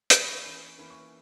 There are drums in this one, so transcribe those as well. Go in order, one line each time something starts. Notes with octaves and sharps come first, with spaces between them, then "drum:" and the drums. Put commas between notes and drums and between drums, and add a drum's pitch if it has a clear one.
E3 A#3 C#4 E6, drum: hi-hat
B5
C#6
E3 A#3 C#4 B5
E3 A#3 C#4 B5
C#6